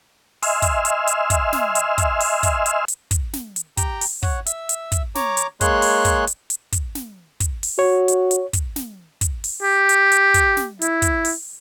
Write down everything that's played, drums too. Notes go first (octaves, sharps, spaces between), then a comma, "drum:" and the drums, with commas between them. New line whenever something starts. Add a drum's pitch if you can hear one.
D#5 E5 G#5 C6 E6 F6, drum: open hi-hat
drum: kick, hi-hat
drum: hi-hat
drum: hi-hat
drum: kick, hi-hat
drum: snare
drum: hi-hat
drum: kick, hi-hat
drum: open hi-hat
drum: kick, hi-hat
drum: hi-hat
drum: hi-hat
drum: kick, hi-hat
drum: snare
drum: hi-hat
G4 G5 A#5, drum: kick, hi-hat
drum: open hi-hat
C#5 F#5, drum: kick
E5 E6, drum: hi-hat
drum: hi-hat
drum: kick, hi-hat
C#5 A#5 D6, drum: snare
drum: hi-hat
G#3 A#3 G#4 C#5 C6 F#6, drum: kick, hi-hat
drum: open hi-hat
drum: kick, hi-hat
drum: hi-hat
drum: hi-hat
drum: kick, hi-hat
drum: snare
drum: kick, hi-hat
drum: open hi-hat
F#4 C#5
drum: hi-hat
drum: hi-hat
drum: kick, hi-hat
drum: snare
drum: kick, hi-hat
drum: open hi-hat
G4
drum: hi-hat
drum: hi-hat
drum: kick, hi-hat
drum: snare
E4, drum: hi-hat
drum: kick, hi-hat
drum: open hi-hat